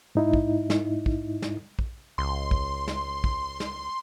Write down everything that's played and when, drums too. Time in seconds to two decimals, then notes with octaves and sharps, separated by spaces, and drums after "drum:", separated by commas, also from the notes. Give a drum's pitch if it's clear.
0.15 G#2 D#4 E4
0.33 drum: kick
0.70 drum: snare
1.06 drum: kick
1.42 drum: snare
1.79 drum: kick
2.18 C#2 C6
2.51 drum: kick
2.88 drum: snare
3.24 drum: kick
3.60 drum: snare